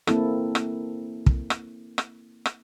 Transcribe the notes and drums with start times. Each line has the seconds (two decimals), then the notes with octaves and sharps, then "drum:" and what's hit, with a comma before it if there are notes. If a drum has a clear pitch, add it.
0.07 A#3 C4 E4 A4, drum: rim click
0.55 drum: rim click
1.26 drum: kick
1.50 drum: rim click
1.98 drum: rim click
2.46 drum: rim click